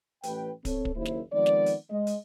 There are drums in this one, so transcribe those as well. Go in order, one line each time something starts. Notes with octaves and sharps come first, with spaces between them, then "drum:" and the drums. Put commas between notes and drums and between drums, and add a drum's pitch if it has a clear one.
A1 B4 G5, drum: hi-hat
C4 A4 C#5, drum: kick, hi-hat
drum: kick
F#1 D#2 A#3 E4 C5
drum: snare
D#3 F3 G#3 B3 C4 D5
drum: snare
drum: hi-hat
G#3 D#5
drum: hi-hat